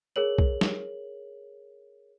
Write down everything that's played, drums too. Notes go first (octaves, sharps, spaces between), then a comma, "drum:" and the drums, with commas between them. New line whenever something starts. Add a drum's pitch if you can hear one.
G#4 A#4 C#5 F#7
drum: kick
drum: snare